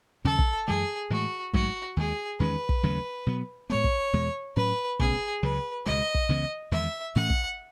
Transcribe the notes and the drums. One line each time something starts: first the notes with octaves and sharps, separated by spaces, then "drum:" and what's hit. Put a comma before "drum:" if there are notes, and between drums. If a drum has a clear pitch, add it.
D#2 C#3 F#3 C#4 A4
drum: kick
F#2 E3 G#3 G#4
A2 E3 G#3 F#4
G#2 F#3 A3 F#4, drum: kick
D#2 D#3 G#3 G#4
E2 D#3 G#3 C#4 B4
drum: kick
D#2 C#3 F#3 A3
B2 F#3 B3
A2 G#3 B3 C#5
drum: kick
E2 B2 G#3
A2 F#3 C#4 B4
C#2 B2 A3 C#4 G#4, drum: kick
C#2 C#3 F#3 B4
C#2 B2 G#3 D#5
drum: kick
C#2 C#3 E3 B3
E2 D#3 G#3 E5
A2 E3 A3 C#4 F#5
drum: kick